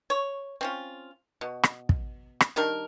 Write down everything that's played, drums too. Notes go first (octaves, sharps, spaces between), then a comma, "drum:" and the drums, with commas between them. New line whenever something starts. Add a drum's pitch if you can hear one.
C#5
C4 C#4 F4
B2
drum: rim click
drum: kick
drum: rim click
D#3 G3 D4 A#4